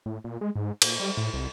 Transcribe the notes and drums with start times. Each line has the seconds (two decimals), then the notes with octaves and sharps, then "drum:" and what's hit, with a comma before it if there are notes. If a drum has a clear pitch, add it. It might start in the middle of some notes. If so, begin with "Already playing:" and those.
0.06 A2
0.24 A#2
0.41 G#3
0.55 G#2
0.82 A#2, drum: cymbal
1.00 G3
1.17 A2
1.34 C2